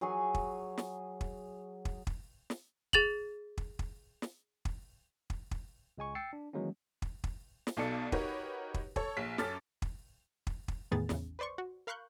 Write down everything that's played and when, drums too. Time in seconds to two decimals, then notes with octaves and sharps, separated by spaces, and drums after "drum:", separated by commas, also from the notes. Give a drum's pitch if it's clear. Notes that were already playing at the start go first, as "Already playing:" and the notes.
0.01 F#3 G#4 G#5 C#6
0.34 drum: kick
0.78 drum: snare
1.21 drum: kick
1.85 drum: kick
2.07 drum: kick
2.50 drum: snare
2.93 G#4 A6 F7 F#7, drum: kick
3.58 drum: kick
3.79 drum: kick
4.22 drum: snare
4.65 drum: kick
5.30 drum: kick
5.51 drum: kick
5.98 C#2 G#3 G#5 C#6
6.15 G5 E6 A6 C7 C#7
6.33 D4
6.53 D#3 E3 F#3 G#3 A#3 C#4
7.02 drum: kick
7.24 drum: kick
7.67 drum: snare
7.77 B1 B2 D#4 A4 D5 C#7
8.12 D#4 F#4 G4 A#4 B4 C#5, drum: kick
8.74 drum: kick
8.96 A4 C#5, drum: kick
9.17 A#1 B6
9.38 F#2 C#4 A4 D6 F6 A6, drum: snare
9.82 drum: kick
10.47 drum: kick
10.68 drum: kick
10.91 E2 A2 D#3 B3 G#4 A6
11.09 A1 E2 C#3, drum: snare
11.39 B4 C5 D5 C6 C#6
11.58 F#4
11.87 A#4 F5 B5 C#6 F#6 G6